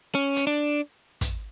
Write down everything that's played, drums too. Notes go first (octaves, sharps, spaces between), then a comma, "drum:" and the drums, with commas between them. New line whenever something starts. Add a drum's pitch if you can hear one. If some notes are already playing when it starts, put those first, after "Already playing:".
C#4
drum: hi-hat
D4
drum: kick, hi-hat